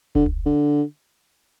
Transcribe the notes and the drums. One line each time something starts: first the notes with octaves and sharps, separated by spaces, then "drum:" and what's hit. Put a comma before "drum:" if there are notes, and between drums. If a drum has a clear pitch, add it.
D3, drum: kick E1
drum: tom C#2
D3